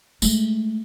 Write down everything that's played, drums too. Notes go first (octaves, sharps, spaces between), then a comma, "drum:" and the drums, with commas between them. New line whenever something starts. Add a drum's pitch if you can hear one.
G#3 A3, drum: tambourine